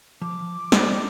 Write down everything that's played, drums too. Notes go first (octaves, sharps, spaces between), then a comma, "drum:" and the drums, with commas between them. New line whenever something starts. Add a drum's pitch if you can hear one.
F3 D6
D4 C5 D5, drum: snare